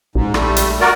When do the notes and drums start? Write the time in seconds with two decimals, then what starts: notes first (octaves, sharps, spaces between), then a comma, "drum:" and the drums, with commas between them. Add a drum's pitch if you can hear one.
0.15 A#1 G#2
0.34 G3 A3, drum: rim click
0.56 drum: hi-hat
0.81 F#4 A#4 D5